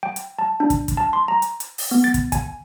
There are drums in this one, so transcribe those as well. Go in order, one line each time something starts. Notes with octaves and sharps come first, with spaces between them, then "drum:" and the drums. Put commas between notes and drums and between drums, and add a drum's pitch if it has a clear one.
G5
drum: hi-hat
A5
D4
drum: kick, hi-hat
drum: kick, hi-hat
A5
C6
A#5
drum: hi-hat
drum: hi-hat
drum: open hi-hat
B3
A6
drum: kick, hi-hat
G#5, drum: kick, hi-hat